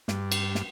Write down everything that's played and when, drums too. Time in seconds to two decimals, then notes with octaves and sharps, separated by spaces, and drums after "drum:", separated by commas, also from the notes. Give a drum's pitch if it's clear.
0.08 G2, drum: snare
0.32 drum: cymbal
0.55 drum: snare